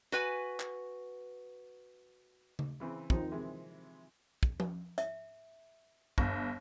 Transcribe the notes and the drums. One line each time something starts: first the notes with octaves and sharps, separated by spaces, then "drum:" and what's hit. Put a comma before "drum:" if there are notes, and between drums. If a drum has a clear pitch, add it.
F#4 B4 G#5, drum: hi-hat
drum: clap
drum: tom C#3
C#3 E3 C4
D#3 F3 C4 D#4, drum: kick
C3 E3 G#3
drum: kick
drum: tom F3
E5, drum: hi-hat
G1, drum: kick